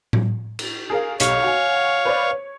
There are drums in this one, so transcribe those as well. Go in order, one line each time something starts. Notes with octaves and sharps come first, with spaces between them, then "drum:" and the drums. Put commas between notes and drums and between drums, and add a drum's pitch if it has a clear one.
drum: tom A2
drum: cymbal
G#4 A#4 F5
B1 G4 C#5 F5 C#6, drum: hi-hat
F#4 G#5
B4 C5 D5
C#5